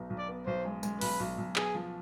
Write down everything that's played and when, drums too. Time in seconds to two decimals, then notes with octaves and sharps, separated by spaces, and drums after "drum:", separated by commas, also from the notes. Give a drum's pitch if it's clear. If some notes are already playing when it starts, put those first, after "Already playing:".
Already playing: B1 B3 D#4
0.10 B1
0.19 D5
0.28 B3
0.47 B1 C5
0.65 G#3
0.83 G#3, drum: tambourine
1.01 B1 B4, drum: open hi-hat
1.20 B1
1.38 B1
1.56 B3 G#4, drum: clap
1.75 F3